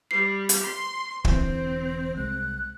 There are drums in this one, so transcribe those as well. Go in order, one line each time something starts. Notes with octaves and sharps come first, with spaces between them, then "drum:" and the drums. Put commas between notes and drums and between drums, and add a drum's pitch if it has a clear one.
G3 C7
drum: hi-hat
C6
E1 D3 E3 C4 C5, drum: kick
C2 G#3 F#6